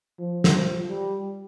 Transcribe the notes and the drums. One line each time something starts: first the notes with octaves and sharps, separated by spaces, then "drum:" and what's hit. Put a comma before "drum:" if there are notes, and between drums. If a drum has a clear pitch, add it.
F3
drum: snare
F3
G3